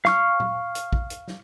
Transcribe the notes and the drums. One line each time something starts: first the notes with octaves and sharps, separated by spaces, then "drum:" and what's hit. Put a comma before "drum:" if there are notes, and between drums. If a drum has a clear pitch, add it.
F5 C#6 F6, drum: snare
drum: tom A#2
drum: hi-hat
drum: kick
drum: hi-hat
drum: snare